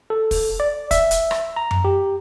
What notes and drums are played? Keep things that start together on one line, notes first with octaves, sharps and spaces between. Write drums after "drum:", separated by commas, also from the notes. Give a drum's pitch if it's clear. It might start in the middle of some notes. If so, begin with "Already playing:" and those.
A4
drum: kick, open hi-hat
D5
E5, drum: kick, hi-hat
drum: hi-hat
drum: rim click
A#5
drum: tom F#2
G4